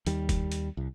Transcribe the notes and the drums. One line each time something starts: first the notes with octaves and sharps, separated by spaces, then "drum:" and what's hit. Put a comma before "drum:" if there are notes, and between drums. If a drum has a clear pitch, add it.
D#2 G3, drum: hi-hat
drum: kick, hi-hat
drum: hi-hat
C2